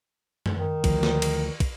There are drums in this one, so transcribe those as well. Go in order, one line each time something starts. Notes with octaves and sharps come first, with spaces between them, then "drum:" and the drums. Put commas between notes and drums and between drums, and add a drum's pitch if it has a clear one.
drum: tom F#2
D#3
D2 F3, drum: kick, cymbal
drum: snare
drum: cymbal
drum: kick, cymbal